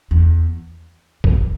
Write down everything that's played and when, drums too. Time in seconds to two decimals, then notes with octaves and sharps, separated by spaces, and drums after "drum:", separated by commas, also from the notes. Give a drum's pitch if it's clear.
0.11 E2
1.24 F#2, drum: kick